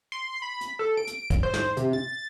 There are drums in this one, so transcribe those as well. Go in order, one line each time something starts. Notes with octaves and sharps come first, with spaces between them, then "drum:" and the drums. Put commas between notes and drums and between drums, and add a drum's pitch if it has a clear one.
C6
B5
drum: hi-hat
A4
D7
drum: hi-hat
drum: kick, hi-hat
C5
drum: snare
C3, drum: hi-hat
A6